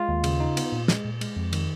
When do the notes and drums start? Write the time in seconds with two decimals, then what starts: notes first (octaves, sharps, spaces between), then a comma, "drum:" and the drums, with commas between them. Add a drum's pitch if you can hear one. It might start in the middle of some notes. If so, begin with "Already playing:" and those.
Already playing: G#3 F4
0.09 D#2
0.24 C#3, drum: cymbal
0.40 D#4
0.57 B3, drum: cymbal
0.72 A#2
0.88 G#3, drum: snare
1.05 A#2
1.21 G#3, drum: cymbal
1.36 F2
1.53 D#3, drum: cymbal